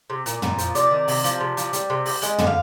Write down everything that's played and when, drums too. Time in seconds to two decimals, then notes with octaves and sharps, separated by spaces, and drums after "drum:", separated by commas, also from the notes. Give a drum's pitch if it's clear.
0.10 C3
0.26 A#2, drum: hi-hat
0.42 A#2, drum: tom
0.58 F3, drum: hi-hat
0.75 C3 D5, drum: hi-hat
0.91 D#3
1.08 C3, drum: open hi-hat
1.24 F3, drum: hi-hat
1.41 C3
1.57 F3, drum: hi-hat
1.73 G3, drum: hi-hat
1.90 C3
2.06 G3, drum: open hi-hat
2.22 G#3 D#5, drum: hi-hat
2.38 D3, drum: tom
2.47 F5